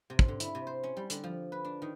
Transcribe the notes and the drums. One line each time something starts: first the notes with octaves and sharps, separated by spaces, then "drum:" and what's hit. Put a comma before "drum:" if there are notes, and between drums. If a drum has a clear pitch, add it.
C3
drum: kick
D3
E4, drum: hi-hat
C3
C5
C#4
G3
D3, drum: hi-hat
F3
B4
D4
D#3